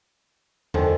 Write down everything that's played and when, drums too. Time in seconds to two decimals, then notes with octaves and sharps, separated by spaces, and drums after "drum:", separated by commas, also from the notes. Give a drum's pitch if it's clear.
0.74 D3 D#3 F3 A4 G#5, drum: tom E2